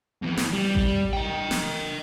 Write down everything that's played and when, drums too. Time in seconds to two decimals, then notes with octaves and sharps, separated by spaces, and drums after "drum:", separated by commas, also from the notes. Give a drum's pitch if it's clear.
0.23 F2 E3
0.37 drum: snare
0.53 G3
0.75 drum: kick A1
1.13 D#5 G5
1.51 drum: snare